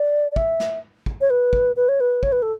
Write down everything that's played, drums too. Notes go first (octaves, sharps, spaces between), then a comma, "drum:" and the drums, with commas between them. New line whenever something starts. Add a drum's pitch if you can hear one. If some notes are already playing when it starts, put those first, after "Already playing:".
Already playing: D5
D5
E5, drum: kick
drum: snare
drum: kick
C#5
B4
drum: kick
B4
C#5
B4
C#5, drum: kick
B4
A4